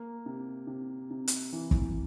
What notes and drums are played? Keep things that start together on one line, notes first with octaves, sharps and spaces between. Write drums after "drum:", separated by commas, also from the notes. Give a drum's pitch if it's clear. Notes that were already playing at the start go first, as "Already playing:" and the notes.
Already playing: A#3
C3
C3
C3
drum: hi-hat
E3
drum: kick